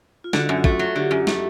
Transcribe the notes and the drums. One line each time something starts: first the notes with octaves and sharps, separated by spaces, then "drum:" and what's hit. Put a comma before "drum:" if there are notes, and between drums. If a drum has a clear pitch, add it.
F4
D3 F#4, drum: snare
F#2
F4
A3 F#4, drum: kick
F#3
D3 G4
F#2
A3, drum: snare